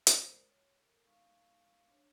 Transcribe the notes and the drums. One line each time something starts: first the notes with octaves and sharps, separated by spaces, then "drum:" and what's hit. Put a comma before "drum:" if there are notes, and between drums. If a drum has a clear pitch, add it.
drum: hi-hat
G#3 A#4 C5 D5 D#6
C#5
A4 A#4
G#3 B3 D#4 F5 C#6
D4 C#5